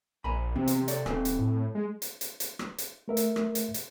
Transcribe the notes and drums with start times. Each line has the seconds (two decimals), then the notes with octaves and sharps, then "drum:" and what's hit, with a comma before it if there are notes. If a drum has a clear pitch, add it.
0.24 A#1 G#5 A#5 B5
0.56 E2 C3 C4
0.68 drum: hi-hat
0.88 A4 C#5 D5, drum: hi-hat
1.06 D#1 C4 A4 G#5, drum: rim click
1.25 drum: hi-hat
1.39 A2
1.75 G#3
2.02 drum: hi-hat
2.21 drum: hi-hat
2.40 drum: hi-hat
2.59 drum: rim click
2.78 drum: hi-hat
3.08 A3 A#4 E5
3.17 drum: hi-hat
3.36 drum: rim click
3.55 drum: hi-hat
3.74 drum: hi-hat